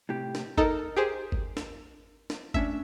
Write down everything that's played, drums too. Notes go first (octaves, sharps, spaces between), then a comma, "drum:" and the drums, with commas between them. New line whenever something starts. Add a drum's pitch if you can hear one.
A2 C3 G4
drum: snare
D#4 A4 A#4 D#5 A#5, drum: kick G1
G4 G#4 C5
drum: kick G1
drum: snare
drum: snare
A3 C#4 D4 E5, drum: kick G1